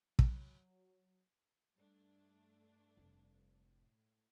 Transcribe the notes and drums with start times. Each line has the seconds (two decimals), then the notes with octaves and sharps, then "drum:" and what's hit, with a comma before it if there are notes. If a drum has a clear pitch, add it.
0.19 F#3, drum: kick
1.76 G2 A3 D4
2.97 F1
3.66 A2